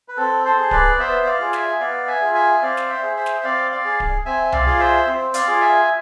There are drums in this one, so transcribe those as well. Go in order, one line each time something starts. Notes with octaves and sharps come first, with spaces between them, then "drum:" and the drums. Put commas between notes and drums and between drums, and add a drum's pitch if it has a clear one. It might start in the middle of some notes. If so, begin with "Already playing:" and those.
B4
C4 A4
A4 C5
G#4
B4 D5, drum: kick D1
B3 C5 E5
D5 F5
F4 G#4
E5 G#5, drum: snare
B3 D5 F5
E5 G#5
F4 G#4
E5 G#5
C4 D5 F5
drum: snare
C5 E5
G#4
C5 E5
drum: snare
C4 D5 F5
D5 F5
G#4
drum: kick D1
C4 E5 G#5
D5 F5, drum: tom C2
F4 G#4
C5 E5
C4
D5 F5, drum: hi-hat
F4 G#4
E5 G#5